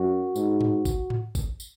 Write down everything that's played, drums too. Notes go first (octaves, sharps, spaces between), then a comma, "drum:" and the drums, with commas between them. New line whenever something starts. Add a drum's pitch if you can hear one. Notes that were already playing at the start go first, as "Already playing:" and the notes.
Already playing: F#2 F#4
G#2, drum: tambourine
drum: tom G#2
drum: kick, tambourine
drum: tom G#2
drum: kick, tambourine
drum: tambourine